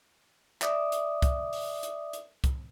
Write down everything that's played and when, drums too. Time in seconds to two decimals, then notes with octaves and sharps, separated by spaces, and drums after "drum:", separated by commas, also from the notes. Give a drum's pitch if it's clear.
0.62 D5 E5 D6 D#6, drum: clap
0.92 drum: hi-hat
1.22 drum: kick C2, hi-hat
1.53 drum: open hi-hat
1.83 drum: hi-hat
2.13 drum: hi-hat
2.44 drum: kick C2, hi-hat